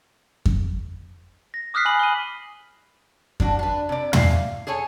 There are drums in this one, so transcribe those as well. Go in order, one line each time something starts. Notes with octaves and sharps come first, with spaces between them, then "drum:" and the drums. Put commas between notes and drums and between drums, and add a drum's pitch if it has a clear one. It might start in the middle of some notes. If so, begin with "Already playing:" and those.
drum: kick F2
A#6
D6 D#6 F6 F#6 B6 C7
G#5 B5 F#7
D#7 G7
A2 D4 F#4, drum: kick F2
D4 B4
C3 D5
A2 A#3 E5 F5 G#5, drum: tom
G#4 A4 C#5 G#5